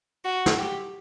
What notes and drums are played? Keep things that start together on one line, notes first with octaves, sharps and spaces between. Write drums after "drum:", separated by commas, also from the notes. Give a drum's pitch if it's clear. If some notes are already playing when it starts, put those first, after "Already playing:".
F#4
drum: snare
G4